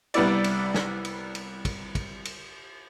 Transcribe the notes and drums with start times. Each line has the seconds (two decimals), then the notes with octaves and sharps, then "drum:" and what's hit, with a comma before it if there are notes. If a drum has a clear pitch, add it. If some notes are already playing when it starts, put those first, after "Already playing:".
0.14 C2 G3 B3 E4 D5, drum: cymbal
0.44 drum: cymbal
0.74 drum: snare
1.05 drum: cymbal
1.35 drum: cymbal
1.65 drum: kick, cymbal
1.95 drum: kick, cymbal
2.25 drum: cymbal